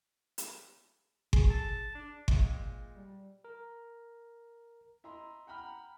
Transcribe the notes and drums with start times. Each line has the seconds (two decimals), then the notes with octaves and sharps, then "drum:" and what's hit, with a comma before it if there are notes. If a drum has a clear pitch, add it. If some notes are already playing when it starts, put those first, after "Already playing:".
0.38 drum: hi-hat
1.33 G#4, drum: kick G1
1.50 A5
1.95 D4
2.28 A#2 G#3 C4 E5, drum: kick G1
2.95 G3
3.44 A#4
5.04 E4 D#5 A#5 C6
5.47 F#5 G5 A#5 B5 F6